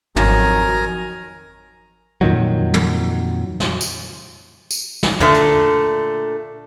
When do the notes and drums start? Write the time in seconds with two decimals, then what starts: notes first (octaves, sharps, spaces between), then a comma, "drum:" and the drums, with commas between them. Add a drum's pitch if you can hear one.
0.16 G#1 F2 D#3 F#3 A#4 G#5 A#5, drum: tom
2.21 F2 A#2 D#3 F#3
2.74 drum: tom
3.60 drum: snare
3.81 drum: tambourine
4.71 drum: tambourine
5.03 drum: snare
5.20 A#2 D3 A3, drum: tom
5.34 drum: hi-hat